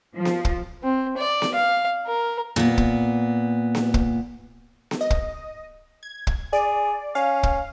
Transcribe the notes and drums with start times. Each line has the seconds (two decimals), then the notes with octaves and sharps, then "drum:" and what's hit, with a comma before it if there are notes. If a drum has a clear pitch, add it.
0.14 F3
0.25 drum: snare B3
0.45 drum: kick
0.83 C4
1.17 D5
1.42 drum: snare B3
1.55 F5
2.07 A#4
2.56 A#2 B3, drum: snare B3
2.78 drum: kick
3.75 drum: snare B3
3.94 drum: kick
4.91 drum: snare B3
5.01 D#5
5.10 drum: kick
6.03 G#6
6.27 drum: kick
6.53 G#4 D5
7.15 C#4 F5
7.43 drum: kick